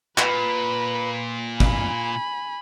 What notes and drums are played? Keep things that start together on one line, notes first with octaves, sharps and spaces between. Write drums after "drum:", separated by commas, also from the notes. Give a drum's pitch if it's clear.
A#2 B4 B5, drum: clap
G#5 B5, drum: kick